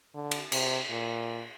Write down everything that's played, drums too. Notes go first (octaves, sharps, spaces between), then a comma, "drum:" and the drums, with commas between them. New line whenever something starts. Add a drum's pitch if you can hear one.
D3
drum: cymbal
C3, drum: cymbal
A#2